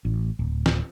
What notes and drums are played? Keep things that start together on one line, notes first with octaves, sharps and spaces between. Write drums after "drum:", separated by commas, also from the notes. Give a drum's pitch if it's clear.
A1
D1
drum: snare